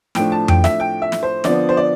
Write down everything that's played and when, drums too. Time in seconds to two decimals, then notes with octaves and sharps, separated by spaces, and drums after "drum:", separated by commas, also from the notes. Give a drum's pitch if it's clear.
0.15 A2 F3 A3 D4 G5, drum: snare
0.32 A5
0.48 G5, drum: tom F2
0.64 E5, drum: snare
0.80 G5
1.02 E5
1.12 drum: snare
1.23 C5
1.44 D3 F3 B3 D5, drum: snare
1.69 C5
1.77 D5